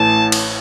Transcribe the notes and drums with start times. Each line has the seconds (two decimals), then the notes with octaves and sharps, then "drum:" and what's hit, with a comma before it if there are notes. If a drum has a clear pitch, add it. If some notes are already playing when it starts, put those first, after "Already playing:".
Already playing: A1 A2 E3 A5
0.32 drum: cymbal